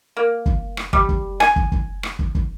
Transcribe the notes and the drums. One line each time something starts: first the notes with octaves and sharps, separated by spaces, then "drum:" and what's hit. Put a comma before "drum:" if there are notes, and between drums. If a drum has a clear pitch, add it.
A#3
drum: kick
drum: rim click
G3, drum: kick
drum: kick
G#5, drum: rim click
drum: kick
drum: kick
drum: rim click
drum: kick
drum: kick